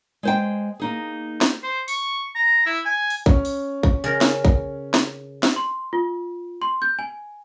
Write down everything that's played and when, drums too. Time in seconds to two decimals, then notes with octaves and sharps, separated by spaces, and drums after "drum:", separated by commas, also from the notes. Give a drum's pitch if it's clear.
0.23 G#3 C5 G5
0.80 A#3 D#4 G#4
1.41 drum: snare
1.63 C5
1.88 C#6, drum: open hi-hat
2.35 A#5
2.66 E4
2.86 G#5
3.10 drum: open hi-hat
3.26 C#4, drum: kick A#1
3.45 drum: open hi-hat
3.83 drum: kick A#1
4.04 C#3 A#4
4.21 drum: snare
4.45 drum: kick A#1
4.94 drum: snare
5.43 drum: snare
5.56 C6
5.93 F4
6.62 C6
6.82 G6
6.99 G#5